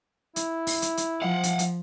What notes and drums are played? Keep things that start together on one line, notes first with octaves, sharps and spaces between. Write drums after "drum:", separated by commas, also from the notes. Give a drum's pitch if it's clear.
E4, drum: hi-hat
drum: open hi-hat
drum: hi-hat
drum: hi-hat
F3 F5 F#5
drum: hi-hat
drum: hi-hat